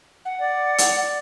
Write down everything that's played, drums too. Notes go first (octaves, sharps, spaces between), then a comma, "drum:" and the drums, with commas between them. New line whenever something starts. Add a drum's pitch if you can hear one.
F#5
D5
drum: hi-hat